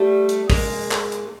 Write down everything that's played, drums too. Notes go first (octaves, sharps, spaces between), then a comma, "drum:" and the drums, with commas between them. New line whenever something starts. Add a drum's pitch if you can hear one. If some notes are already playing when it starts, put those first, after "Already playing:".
Already playing: G3 A3
drum: hi-hat
G#3 A#3, drum: kick, open hi-hat
drum: clap
drum: hi-hat